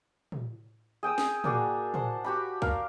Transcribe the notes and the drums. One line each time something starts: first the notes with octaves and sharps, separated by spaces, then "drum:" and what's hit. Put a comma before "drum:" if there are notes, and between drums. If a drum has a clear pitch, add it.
drum: tom
G#4 G5 D#6 E6
drum: snare
A#3 D4 F#4 G#4, drum: tom
C5 F#5 A5, drum: tom
F#4 G4 B5
D4 A#4 F5, drum: kick C2